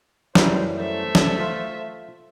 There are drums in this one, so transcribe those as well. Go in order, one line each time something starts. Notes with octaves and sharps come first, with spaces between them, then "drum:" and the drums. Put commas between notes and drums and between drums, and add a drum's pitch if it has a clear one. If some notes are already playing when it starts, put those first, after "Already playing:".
F#2 E3 G3 D#4 A#4 C5, drum: snare
A3 C5 E5
drum: snare
F4